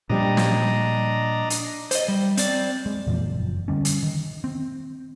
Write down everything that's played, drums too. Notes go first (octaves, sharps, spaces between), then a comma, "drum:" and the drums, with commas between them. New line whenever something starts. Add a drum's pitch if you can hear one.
A#2 F3 G3 D4 D#5 A#5
drum: snare
drum: hi-hat
C5 D#5, drum: hi-hat
G3
C4 D5, drum: hi-hat
G#3
F2 A#2 E3 F3
F#1
D3 G3 C#4
drum: hi-hat
D#3
C4